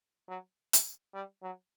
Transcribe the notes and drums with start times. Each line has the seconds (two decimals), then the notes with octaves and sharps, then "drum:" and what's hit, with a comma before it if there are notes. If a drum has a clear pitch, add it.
0.29 F#3
0.73 drum: hi-hat
1.14 G3
1.42 F#3